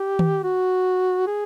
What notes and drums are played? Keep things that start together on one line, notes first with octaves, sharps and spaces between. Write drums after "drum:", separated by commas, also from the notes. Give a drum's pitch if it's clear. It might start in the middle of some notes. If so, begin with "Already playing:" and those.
Already playing: G4
drum: tom D#3
F#4
G#4